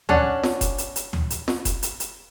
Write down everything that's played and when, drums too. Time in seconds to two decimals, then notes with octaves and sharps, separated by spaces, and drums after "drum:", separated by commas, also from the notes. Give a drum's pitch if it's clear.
0.09 C#4 D4 F#5, drum: tom D2
0.44 drum: snare
0.61 drum: kick F1, hi-hat
0.78 drum: hi-hat
0.96 drum: hi-hat
1.13 drum: tom D2
1.30 drum: hi-hat
1.48 drum: snare
1.65 drum: kick F1, hi-hat
1.83 drum: hi-hat
2.00 drum: hi-hat